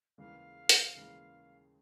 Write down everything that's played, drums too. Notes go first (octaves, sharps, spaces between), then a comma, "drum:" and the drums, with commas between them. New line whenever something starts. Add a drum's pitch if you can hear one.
D#2 C#3 E3 G#3 F5
drum: hi-hat
D#2 C#3 E3 G#3